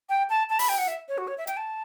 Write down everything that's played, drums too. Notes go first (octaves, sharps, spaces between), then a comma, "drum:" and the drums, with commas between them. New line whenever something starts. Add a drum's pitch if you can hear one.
G5
A5
A5
B5, drum: open hi-hat
G5
F#5
E5
C#5
F#4
C#5
E5
G5, drum: hi-hat
A5